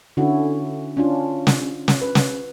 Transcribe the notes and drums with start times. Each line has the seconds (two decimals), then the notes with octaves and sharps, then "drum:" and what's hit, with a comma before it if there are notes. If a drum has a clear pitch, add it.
0.17 D3 C#4 E4 F#4
0.97 C#4 D4 F4
1.47 drum: snare
1.88 drum: snare
2.01 B4
2.15 drum: snare